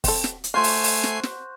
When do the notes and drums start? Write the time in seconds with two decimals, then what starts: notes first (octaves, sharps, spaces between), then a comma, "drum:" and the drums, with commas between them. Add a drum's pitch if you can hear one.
0.04 C4 A4, drum: kick, open hi-hat
0.24 drum: snare
0.44 drum: hi-hat
0.54 A3 F4 F#4 C5 G#5 C7
0.64 drum: open hi-hat
0.84 drum: open hi-hat
1.03 drum: snare
1.23 drum: snare